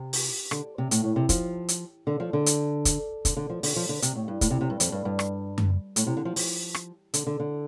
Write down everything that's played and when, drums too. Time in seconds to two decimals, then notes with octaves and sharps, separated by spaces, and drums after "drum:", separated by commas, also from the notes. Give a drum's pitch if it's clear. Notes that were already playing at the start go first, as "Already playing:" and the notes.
Already playing: C3
0.13 drum: open hi-hat
0.51 D3, drum: rim click
0.78 C3
0.91 A2, drum: hi-hat
1.04 A2
1.16 C3
1.29 F3, drum: kick, hi-hat
1.68 drum: hi-hat
2.07 D3
2.20 F3
2.33 D3
2.46 drum: hi-hat
2.85 drum: kick, hi-hat
3.25 D3, drum: kick, hi-hat
3.37 D3
3.50 F3
3.63 D3, drum: open hi-hat
3.76 F3
3.89 D3
4.02 C3, drum: hi-hat
4.16 A2
4.28 G2
4.41 A2, drum: kick, hi-hat
4.51 C3
4.61 C3
4.70 G2
4.80 F2, drum: hi-hat
4.92 G2
5.05 G2
5.19 drum: rim click
5.58 drum: tom F#2
5.96 A2, drum: hi-hat
6.07 C3
6.17 D3
6.25 F3
6.36 F3, drum: open hi-hat
6.74 drum: rim click
7.14 D3, drum: hi-hat
7.27 D3
7.40 D3